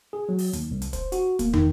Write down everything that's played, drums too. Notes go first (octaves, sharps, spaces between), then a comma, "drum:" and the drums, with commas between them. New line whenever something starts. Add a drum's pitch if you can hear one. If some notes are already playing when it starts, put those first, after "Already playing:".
G#4
F#3
drum: open hi-hat
D#2, drum: hi-hat
C2
drum: hi-hat
C5, drum: kick, hi-hat
F#4, drum: hi-hat
A#3, drum: kick, hi-hat
D#3, drum: tom